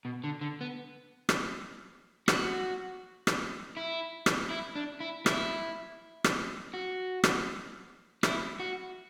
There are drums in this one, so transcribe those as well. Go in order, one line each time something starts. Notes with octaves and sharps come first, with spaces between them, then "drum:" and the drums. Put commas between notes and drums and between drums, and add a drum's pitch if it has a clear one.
B2
D3
D3
B3
drum: rim click
F#4, drum: rim click
drum: rim click
E4
drum: rim click
E4
D4
E4
E4, drum: rim click
drum: rim click
F#4
drum: rim click
E4, drum: rim click
F#4